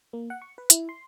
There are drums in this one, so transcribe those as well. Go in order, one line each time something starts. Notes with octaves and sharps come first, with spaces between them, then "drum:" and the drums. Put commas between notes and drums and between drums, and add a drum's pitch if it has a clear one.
A#3
F#5
C#6
B4
E4, drum: hi-hat
C6